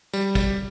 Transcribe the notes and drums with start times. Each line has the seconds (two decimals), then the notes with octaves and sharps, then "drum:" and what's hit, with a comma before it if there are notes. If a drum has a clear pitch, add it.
0.13 G3, drum: tambourine
0.35 drum: kick, tambourine